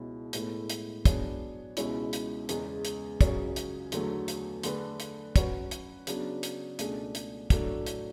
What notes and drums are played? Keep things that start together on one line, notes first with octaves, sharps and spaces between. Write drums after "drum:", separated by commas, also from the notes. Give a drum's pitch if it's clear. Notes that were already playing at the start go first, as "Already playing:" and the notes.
Already playing: C#2 B2 G#3 C#4 E4
A2 G#3 B3 E4 A4, drum: hi-hat
drum: hi-hat
F#3 B3 D4 G#4 C#5, drum: kick, hi-hat
C#2 B2 G#3 C#4 E4, drum: hi-hat
drum: hi-hat
E2 C#3 G#3, drum: hi-hat
drum: hi-hat
C#2 C#3 F#3 C#4 G#4, drum: kick, hi-hat
drum: hi-hat
E2 D3 F#3 A3, drum: hi-hat
drum: hi-hat
D3 A3 D4 G#4 B4, drum: hi-hat
drum: hi-hat
F#3 C#4 F#4 B4, drum: kick, hi-hat
drum: hi-hat
C#3 F#3 B3 D4, drum: hi-hat
drum: hi-hat
C#2 B2 A3 D4 G#4, drum: hi-hat
drum: hi-hat
A2 F#3 A3 D4 A4, drum: kick, hi-hat
drum: hi-hat